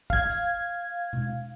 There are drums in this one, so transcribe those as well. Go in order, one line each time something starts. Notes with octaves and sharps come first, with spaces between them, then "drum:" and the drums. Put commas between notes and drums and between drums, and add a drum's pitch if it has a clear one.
F5 G#6, drum: kick
drum: hi-hat
drum: tom B2